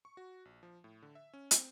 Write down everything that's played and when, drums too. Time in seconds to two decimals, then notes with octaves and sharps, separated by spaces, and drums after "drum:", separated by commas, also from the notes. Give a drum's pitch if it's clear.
0.05 C#6
0.17 F#4
0.45 A#1
0.63 F3
0.84 A2
1.02 D3
1.15 E5
1.33 C#4
1.51 C4, drum: hi-hat